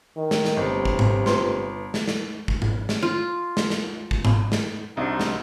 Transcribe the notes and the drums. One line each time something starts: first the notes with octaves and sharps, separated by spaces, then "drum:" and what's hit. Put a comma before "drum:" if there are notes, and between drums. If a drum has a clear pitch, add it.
D#3
drum: snare
drum: snare
G1 C3
drum: kick
drum: tom G#2
F4 B4 C6, drum: snare
drum: snare
drum: snare
drum: kick
drum: tom G#2
drum: snare
F4
drum: snare
drum: snare
drum: kick
drum: tom G#2
drum: snare
C2 C3 D4 D#4 F#4 E5
drum: snare